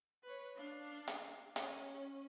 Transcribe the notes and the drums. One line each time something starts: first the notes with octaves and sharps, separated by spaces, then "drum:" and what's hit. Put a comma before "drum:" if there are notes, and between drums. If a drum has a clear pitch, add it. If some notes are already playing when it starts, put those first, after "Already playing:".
B4 C#5
D4 F5
drum: hi-hat
C#4, drum: hi-hat